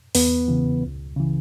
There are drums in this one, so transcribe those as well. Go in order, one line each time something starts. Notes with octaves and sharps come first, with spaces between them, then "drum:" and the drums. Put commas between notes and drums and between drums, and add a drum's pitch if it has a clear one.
E2 B3 B4, drum: open hi-hat
C#3 E3
C#2
C#3 E3